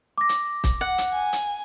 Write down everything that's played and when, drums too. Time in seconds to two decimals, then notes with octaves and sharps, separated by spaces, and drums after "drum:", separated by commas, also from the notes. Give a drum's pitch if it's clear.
0.18 D6 A#6
0.29 drum: hi-hat
0.64 drum: kick, hi-hat
0.81 F#5
0.98 drum: hi-hat
1.13 G#5
1.33 drum: hi-hat